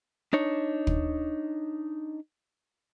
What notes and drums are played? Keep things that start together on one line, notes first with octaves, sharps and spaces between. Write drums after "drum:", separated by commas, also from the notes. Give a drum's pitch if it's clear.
D4 D#4 C#5
drum: kick